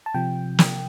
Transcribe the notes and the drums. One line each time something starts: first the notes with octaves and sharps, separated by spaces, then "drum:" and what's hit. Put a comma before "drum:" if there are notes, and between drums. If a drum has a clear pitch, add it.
A5
C3 F3 G5
drum: snare